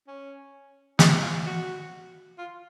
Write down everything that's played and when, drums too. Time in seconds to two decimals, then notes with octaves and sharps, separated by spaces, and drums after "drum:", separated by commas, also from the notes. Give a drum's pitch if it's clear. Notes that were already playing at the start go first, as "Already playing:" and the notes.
0.08 C#4
0.99 D#4, drum: snare
1.22 F4
1.46 F#4
2.38 F4